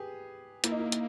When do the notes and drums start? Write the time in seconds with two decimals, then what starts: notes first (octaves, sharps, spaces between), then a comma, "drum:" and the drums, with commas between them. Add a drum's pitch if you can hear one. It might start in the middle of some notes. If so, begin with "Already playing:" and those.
Already playing: G4 G#4 B4
0.64 A#3 E4, drum: hi-hat
0.71 D#4
0.79 E4
0.92 drum: hi-hat